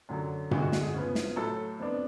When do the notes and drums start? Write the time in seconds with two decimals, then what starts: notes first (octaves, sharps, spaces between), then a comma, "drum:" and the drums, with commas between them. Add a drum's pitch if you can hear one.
0.09 F#2 D3 F#3
0.51 D2 D3 G#3 F#4, drum: tom G2
0.62 F#4
0.72 F#4, drum: snare
0.83 G#4
0.94 C#3 F3 B3
1.15 drum: snare
1.36 A2 F#3 A3 A4
1.79 F2 F3 B3 D4